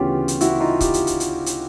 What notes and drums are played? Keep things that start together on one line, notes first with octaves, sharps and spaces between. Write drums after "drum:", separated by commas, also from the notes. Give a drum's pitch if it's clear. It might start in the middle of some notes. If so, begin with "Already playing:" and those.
Already playing: D2 C#3 E3 B3 C#4 F4 G4
drum: hi-hat
E4 F#4, drum: hi-hat
D#4 F4
F4 G4, drum: kick C#1, hi-hat
drum: hi-hat
drum: hi-hat
drum: hi-hat
drum: hi-hat